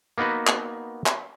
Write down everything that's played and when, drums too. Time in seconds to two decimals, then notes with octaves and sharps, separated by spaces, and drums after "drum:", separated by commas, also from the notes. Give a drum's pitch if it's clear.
0.18 A#3 B3 D#4 F#4 B4
0.47 drum: clap
1.06 drum: clap